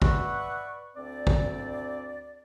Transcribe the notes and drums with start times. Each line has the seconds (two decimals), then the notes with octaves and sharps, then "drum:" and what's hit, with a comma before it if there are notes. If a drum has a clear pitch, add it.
0.02 B4 D5 E5 F#5 C#6, drum: kick
0.96 D2 C4 D5
1.27 drum: kick